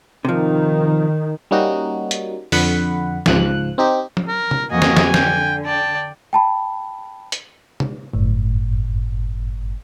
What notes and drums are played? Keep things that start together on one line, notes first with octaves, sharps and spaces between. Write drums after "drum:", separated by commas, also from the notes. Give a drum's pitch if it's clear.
C3 D#3 F3
G3 A#3 C#4 D#4 F#4
drum: hi-hat
F2 D3 F#5 B5, drum: open hi-hat
C#2 G#2 F3 F#6, drum: snare
C4 D#4 G4
drum: tom
A#4
drum: tom C3
F2 A#3 F#4 D#5 G#5
drum: snare
drum: snare
D3 G5, drum: snare
D5 G5 A5
G5 A5 B5
drum: hi-hat
drum: tom C3
G1 F#2 A2